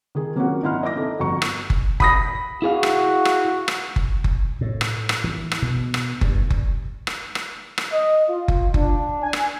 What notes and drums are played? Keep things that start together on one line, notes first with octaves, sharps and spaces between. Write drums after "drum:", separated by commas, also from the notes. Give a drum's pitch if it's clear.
D#3 G#4
F#3 A#3 C4 C#4 F4 F#4
G#1 D#4 E4 F#5 C6 F6
D#5 E5 D6 A#6
D4 D#4 A4
G1 F2 F#4 A#5 C#6 C#7
drum: rim click
drum: kick F#1
B5 D#6 A#6, drum: kick F#1
E4 F#4 G#4 F5
drum: rim click
drum: rim click
drum: rim click
drum: kick F#1
drum: kick F#1
A2
drum: rim click
drum: rim click
E3
drum: rim click
B2
drum: rim click
G2, drum: kick F#1
drum: kick F#1
drum: rim click
drum: rim click
drum: rim click
D#5
F4
drum: kick F#1
D4, drum: kick F#1
G#5
drum: rim click